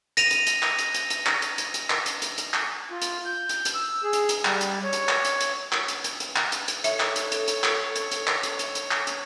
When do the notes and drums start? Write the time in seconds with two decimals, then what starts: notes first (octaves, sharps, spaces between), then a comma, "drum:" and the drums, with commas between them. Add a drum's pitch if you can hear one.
0.17 A#6 D#7 F7, drum: hi-hat
0.31 drum: hi-hat
0.47 drum: hi-hat
0.63 drum: clap
0.78 drum: hi-hat
0.94 drum: hi-hat
1.10 drum: hi-hat
1.26 drum: clap
1.42 drum: hi-hat
1.58 drum: hi-hat
1.74 drum: hi-hat
1.90 drum: clap
2.06 drum: hi-hat
2.22 drum: hi-hat
2.38 drum: hi-hat
2.54 drum: clap
2.91 F4
3.02 drum: hi-hat
3.25 G6
3.49 drum: hi-hat
3.65 drum: hi-hat
3.74 E6
4.04 G#4
4.13 drum: hi-hat
4.29 drum: hi-hat
4.45 G3, drum: clap
4.61 drum: hi-hat
4.84 C#5
4.93 drum: hi-hat
5.09 drum: clap
5.25 drum: hi-hat
5.41 drum: hi-hat
5.72 drum: clap
5.88 drum: hi-hat
6.04 drum: hi-hat
6.20 drum: hi-hat
6.36 drum: clap
6.52 drum: hi-hat
6.68 drum: hi-hat
6.84 A4 C#5 E5, drum: hi-hat
7.00 drum: clap
7.16 drum: hi-hat
7.32 drum: hi-hat
7.48 drum: hi-hat
7.64 drum: clap
7.96 drum: hi-hat
8.11 drum: hi-hat
8.27 drum: clap
8.43 drum: hi-hat
8.59 drum: hi-hat
8.75 drum: hi-hat
8.91 drum: clap
9.07 drum: hi-hat